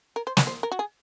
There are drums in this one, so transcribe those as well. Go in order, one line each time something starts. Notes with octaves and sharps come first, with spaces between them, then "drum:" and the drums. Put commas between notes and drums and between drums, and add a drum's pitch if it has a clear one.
A#4
C5
C#5, drum: snare
C5
A#4
F#4
G#4